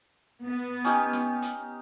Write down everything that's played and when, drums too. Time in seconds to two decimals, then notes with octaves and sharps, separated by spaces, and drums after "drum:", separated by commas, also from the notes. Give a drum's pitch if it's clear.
0.45 B3
0.84 C#4 D#4 G4, drum: hi-hat
1.13 drum: snare
1.42 drum: hi-hat